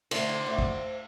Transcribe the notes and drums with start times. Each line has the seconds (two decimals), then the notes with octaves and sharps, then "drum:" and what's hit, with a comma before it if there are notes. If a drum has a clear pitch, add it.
0.11 D2 C5, drum: cymbal
0.29 D3
0.46 D2
0.58 drum: kick